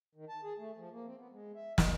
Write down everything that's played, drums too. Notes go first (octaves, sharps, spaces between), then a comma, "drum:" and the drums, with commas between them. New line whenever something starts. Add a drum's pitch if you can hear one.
D#3
A5
G#4
A3
F3
A#3
C4
B3
G#3
E5
D#5, drum: snare